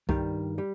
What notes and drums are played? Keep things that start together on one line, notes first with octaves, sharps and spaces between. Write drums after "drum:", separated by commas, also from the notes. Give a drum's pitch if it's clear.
G2 D#3 G3, drum: kick C2
G3